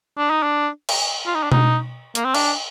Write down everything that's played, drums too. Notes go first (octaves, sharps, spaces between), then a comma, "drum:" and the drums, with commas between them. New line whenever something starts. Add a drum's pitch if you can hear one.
D4
D#4
D4
drum: cymbal
F4
D#4
D4
D#4, drum: tom B2
A#3, drum: hi-hat
C4
D4, drum: cymbal